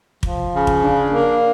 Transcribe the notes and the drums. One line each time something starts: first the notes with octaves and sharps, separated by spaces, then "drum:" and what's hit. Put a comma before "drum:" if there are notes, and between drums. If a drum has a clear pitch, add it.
F3, drum: kick
C#3
drum: kick
D4
A#3